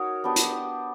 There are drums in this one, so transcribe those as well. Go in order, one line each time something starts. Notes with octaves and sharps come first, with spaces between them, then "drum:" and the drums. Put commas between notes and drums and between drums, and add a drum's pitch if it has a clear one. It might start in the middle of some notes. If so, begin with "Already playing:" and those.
Already playing: D#4 F#4 A#4 C#5
B3 D4 G4
drum: hi-hat